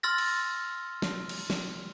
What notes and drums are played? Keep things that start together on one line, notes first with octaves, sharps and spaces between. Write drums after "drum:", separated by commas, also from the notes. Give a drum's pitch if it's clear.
C6 E6 F6 A6 A#6
drum: cymbal
drum: snare
drum: cymbal
drum: snare